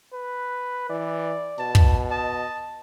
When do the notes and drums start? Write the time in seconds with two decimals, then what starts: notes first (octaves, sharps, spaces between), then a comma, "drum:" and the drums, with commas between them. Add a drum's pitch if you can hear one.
0.13 B4
0.90 E3 D5
1.59 B2 A5
1.75 drum: kick
2.11 D#5 A5